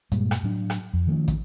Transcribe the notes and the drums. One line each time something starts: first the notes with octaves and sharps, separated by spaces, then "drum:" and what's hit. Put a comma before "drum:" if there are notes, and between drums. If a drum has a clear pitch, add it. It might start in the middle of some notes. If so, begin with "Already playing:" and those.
G2 A#2 G3 G#3, drum: hi-hat
drum: rim click
A2 F#3 D4
drum: rim click
F2
D#3 F3 A3 C#4
drum: kick, hi-hat